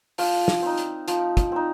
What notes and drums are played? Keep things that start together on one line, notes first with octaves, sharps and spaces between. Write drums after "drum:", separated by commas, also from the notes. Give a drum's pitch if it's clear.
F3 F5, drum: open hi-hat
drum: snare
C4 D#4
drum: hi-hat
F3, drum: hi-hat
drum: kick, hi-hat
C4 D#4